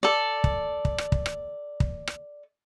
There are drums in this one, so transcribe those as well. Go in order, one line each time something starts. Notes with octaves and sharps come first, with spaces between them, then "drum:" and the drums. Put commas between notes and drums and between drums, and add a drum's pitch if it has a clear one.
A4 D5
drum: kick
drum: kick
drum: rim click
drum: kick
drum: rim click
drum: kick
drum: rim click